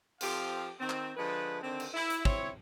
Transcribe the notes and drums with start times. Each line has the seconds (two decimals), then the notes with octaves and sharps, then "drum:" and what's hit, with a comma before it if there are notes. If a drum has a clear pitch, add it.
0.21 F3 C4 G4 A4 F5, drum: cymbal
0.80 D#3 C4
0.90 drum: clap
1.17 D3 F3 G#3 B4
1.62 D3 D#3 C4
1.80 drum: cymbal
1.93 E4
2.10 drum: hi-hat
2.25 C4 E4 C#5, drum: kick